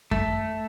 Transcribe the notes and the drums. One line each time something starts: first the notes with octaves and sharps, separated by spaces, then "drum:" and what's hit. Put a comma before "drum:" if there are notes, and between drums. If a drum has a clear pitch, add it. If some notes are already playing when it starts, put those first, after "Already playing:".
A3, drum: kick F#2